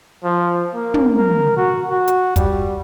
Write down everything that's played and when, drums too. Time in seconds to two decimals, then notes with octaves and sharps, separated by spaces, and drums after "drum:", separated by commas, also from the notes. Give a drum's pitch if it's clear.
0.24 F3
0.74 A#3
0.94 drum: tom
1.16 A#4
1.56 F#4
1.90 F#4
2.07 drum: hi-hat
2.36 G3, drum: kick, hi-hat